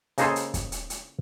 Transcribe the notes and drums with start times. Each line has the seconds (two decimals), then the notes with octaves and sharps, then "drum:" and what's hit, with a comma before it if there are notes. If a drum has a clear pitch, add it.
0.18 C#3 A#3 D#4 G#4 A4 C5, drum: hi-hat
0.36 drum: hi-hat
0.54 drum: kick, hi-hat
0.72 drum: hi-hat
0.90 drum: hi-hat